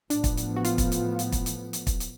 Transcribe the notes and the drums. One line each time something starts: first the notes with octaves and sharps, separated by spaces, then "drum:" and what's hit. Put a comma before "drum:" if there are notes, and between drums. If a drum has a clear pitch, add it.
A1 A2 F3 B3 D4, drum: hi-hat
drum: kick, hi-hat
drum: hi-hat
F#4
F4, drum: hi-hat
drum: kick, hi-hat
drum: hi-hat
drum: hi-hat
drum: kick, hi-hat
drum: hi-hat
drum: hi-hat
drum: kick, hi-hat
drum: hi-hat